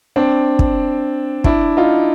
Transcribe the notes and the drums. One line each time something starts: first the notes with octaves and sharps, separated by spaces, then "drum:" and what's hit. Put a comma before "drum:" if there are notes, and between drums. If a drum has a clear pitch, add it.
C4 D4
drum: kick
D4 E4, drum: kick
D#4 F4